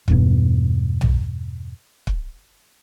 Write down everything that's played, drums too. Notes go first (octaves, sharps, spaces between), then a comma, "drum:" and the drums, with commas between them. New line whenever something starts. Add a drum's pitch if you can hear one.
E2 G2 B2, drum: kick
drum: tom B1
drum: kick